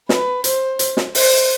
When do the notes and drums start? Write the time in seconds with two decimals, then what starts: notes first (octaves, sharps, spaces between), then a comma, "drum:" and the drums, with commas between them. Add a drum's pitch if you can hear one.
0.09 B4, drum: snare
0.44 C5, drum: hi-hat
0.79 drum: hi-hat
0.97 drum: snare
1.15 C5, drum: open hi-hat